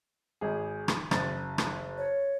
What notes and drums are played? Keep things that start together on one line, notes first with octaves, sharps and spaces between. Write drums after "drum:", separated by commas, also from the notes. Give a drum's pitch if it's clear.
G#1 G#4
drum: rim click
F#1 A6, drum: rim click
drum: rim click
C#5